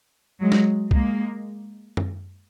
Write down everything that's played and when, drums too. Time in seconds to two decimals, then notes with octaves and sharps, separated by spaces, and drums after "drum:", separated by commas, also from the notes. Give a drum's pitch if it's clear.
0.41 F#3 G#3
0.52 drum: snare
0.91 G#3 A#3, drum: kick C2
1.97 drum: tom F#2